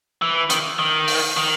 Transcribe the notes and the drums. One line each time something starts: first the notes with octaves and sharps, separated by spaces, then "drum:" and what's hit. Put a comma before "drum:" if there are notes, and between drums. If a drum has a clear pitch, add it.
E3
D#3, drum: hi-hat
D#3
drum: open hi-hat
D#3